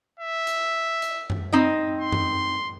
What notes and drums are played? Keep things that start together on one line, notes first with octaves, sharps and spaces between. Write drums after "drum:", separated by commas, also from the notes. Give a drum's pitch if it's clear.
E5
drum: hi-hat
drum: hi-hat
drum: tom F#2
C4 D#4 D#5
C6
drum: tom F#2